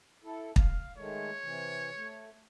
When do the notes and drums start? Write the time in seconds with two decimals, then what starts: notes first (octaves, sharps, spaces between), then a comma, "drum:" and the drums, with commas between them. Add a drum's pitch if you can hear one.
0.24 E4 A4
0.56 F5, drum: kick
0.97 D#3 G#3 A3 C#5
1.42 C3 E3
1.96 A3